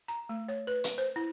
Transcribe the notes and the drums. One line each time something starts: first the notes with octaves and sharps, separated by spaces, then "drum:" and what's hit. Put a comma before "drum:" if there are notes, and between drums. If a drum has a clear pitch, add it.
A#5
A3
C#5
B4
drum: hi-hat
C5
E4